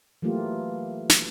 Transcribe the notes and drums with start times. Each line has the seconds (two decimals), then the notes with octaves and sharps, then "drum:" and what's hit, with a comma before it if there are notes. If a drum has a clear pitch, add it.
0.22 E3 F#3 A3 A#3 F4 G4
1.09 drum: snare